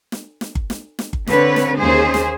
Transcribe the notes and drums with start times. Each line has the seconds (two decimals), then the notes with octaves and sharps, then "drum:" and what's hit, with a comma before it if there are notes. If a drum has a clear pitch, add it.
0.12 drum: snare
0.41 drum: snare
0.55 drum: kick G1
0.70 drum: snare
0.99 drum: snare
1.13 drum: kick G1
1.27 D3 C4 B4 C#5, drum: snare
1.56 drum: snare
1.78 D#2 C#4 G#4 C5
2.14 drum: snare